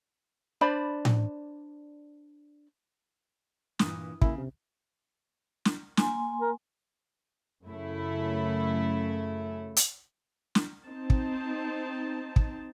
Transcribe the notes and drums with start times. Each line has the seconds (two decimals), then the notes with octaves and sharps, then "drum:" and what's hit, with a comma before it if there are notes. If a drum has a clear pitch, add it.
0.61 D4 C5 D5 B5
1.05 drum: tom A2
3.79 G2 A#2 E3 D#6, drum: snare
4.22 C#3 A#3 E4, drum: kick
4.38 C3
5.65 drum: snare
5.97 A#3 G#5 C6, drum: snare
6.41 A#4
7.66 F#2 C#3 A3 E4
9.76 drum: hi-hat
10.55 drum: snare
10.85 C4 D#4 A5
11.10 drum: kick
12.36 drum: kick